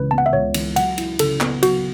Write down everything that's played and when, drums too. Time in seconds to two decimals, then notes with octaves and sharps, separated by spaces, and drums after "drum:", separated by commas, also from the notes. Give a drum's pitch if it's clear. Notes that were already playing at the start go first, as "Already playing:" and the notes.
Already playing: C#2 C#3 E3 B4
0.11 B3 A5
0.18 F#5
0.26 E5
0.33 C#2 C#5
0.54 E3, drum: cymbal
0.76 F#3 F#5, drum: cymbal
0.98 E4, drum: cymbal
1.19 C#3 A4, drum: cymbal
1.41 B3, drum: clap
1.63 F#3 F#4, drum: cymbal